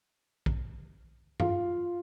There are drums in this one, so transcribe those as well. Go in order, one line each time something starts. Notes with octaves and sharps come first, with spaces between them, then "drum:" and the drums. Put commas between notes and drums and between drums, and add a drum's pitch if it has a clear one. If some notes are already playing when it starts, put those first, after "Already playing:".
drum: kick
F4, drum: tom G2